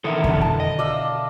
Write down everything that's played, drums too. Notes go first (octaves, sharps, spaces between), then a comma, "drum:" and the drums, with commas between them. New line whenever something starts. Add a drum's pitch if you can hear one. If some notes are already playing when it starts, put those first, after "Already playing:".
D#3 E3 A4 A#4 E5 D#6
B2 D3, drum: kick F2
A5
D#5 G5
D5 E5 F5